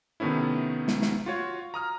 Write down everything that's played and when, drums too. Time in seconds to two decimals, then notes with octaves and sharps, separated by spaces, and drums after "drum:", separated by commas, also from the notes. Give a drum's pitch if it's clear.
0.20 C3 D#3 A3 B3 C#4 E4
0.88 drum: snare
1.02 drum: snare
1.26 F4 F#4 C#5
1.74 A#5 D#6 F6